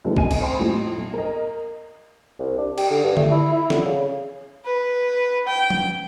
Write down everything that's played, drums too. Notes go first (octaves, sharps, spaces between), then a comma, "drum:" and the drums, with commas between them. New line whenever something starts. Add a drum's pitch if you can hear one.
F#2 C#3 E3 A3 B3 D4
F1 D#5 G#5 D#7, drum: kick B1
drum: cymbal
C5 G5 G#5 B5 C6
F2 A2 C6
B1
A#4 D#5
C2
D4
G4, drum: cymbal
D3
G2
A3, drum: tom D3
E4
E4
D3, drum: snare
C#3
B4
G5
drum: tom F3